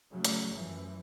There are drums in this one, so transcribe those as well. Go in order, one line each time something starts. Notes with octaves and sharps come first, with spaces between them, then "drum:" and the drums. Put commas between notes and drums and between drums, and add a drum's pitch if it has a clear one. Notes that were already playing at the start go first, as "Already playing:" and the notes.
C#3 F#3 A3
drum: hi-hat
F#2 E3 F3